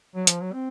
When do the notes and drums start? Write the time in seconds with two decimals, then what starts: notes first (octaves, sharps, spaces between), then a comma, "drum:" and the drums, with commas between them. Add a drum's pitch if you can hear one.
0.16 F#3
0.27 F3, drum: hi-hat
0.41 F#3
0.53 C4